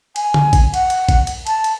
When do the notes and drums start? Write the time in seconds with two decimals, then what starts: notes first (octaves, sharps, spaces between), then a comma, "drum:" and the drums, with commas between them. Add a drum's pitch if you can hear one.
0.16 G#5, drum: cymbal
0.34 drum: tom C#3
0.53 drum: kick A1, cymbal
0.74 F#5, drum: cymbal
0.90 drum: cymbal
1.09 drum: kick A1, cymbal
1.27 drum: cymbal
1.47 A5, drum: cymbal
1.64 drum: cymbal